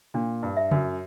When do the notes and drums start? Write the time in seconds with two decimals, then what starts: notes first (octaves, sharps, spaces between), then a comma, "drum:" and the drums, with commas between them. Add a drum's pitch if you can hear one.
0.14 A#2 D4
0.43 G2
0.57 E5
0.71 F#2, drum: tom C#3